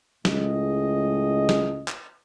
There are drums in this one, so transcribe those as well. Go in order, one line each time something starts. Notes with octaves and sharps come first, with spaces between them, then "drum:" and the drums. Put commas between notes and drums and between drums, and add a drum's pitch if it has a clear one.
C#2 A2 G#3 D#5, drum: snare
drum: snare
drum: clap